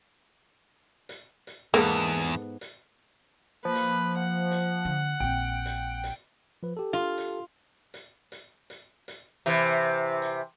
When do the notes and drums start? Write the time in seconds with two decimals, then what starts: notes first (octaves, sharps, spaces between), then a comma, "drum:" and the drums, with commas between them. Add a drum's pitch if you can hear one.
1.09 drum: hi-hat
1.47 drum: hi-hat
1.74 E2 G#2 A#3 B3 A4
1.85 drum: hi-hat
2.23 drum: hi-hat
2.61 drum: hi-hat
3.65 F3 A#3 B4
3.75 drum: hi-hat
4.19 F#5
4.51 drum: hi-hat
4.85 D3
5.20 A#1 C4 G5
5.66 drum: hi-hat
6.04 drum: hi-hat
6.63 F3 B4
6.77 G4 A4
6.93 F4
7.18 drum: hi-hat
7.94 drum: hi-hat
8.32 drum: hi-hat
8.70 drum: hi-hat
9.08 drum: hi-hat
9.46 C3 E3, drum: hi-hat
10.22 drum: hi-hat